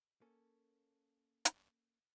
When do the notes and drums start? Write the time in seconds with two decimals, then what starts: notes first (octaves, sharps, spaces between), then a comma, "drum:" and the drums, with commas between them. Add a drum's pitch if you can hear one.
0.21 A#3 C#4 A4
1.45 drum: hi-hat